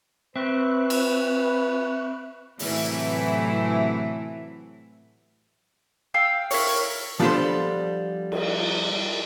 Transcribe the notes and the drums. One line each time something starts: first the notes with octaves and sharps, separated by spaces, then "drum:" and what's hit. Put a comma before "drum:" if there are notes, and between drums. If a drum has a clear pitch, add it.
C4 B4 E5 C#6 F#6
drum: cymbal
A2 C3 E3 F#3 A3 E4, drum: open hi-hat
F5 G5 E6
E4 A#4 C#5, drum: open hi-hat
F3 G3 B3 D4 A4 C5
drum: cymbal